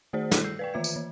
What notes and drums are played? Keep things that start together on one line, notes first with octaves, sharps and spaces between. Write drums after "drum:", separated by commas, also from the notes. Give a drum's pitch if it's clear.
D#3 A3 F#4 G#4 C5 D5
A4, drum: snare
E6 G6 C7
B4 D5 G5
D#3 E3 F4 E5 G#6
drum: tambourine
E3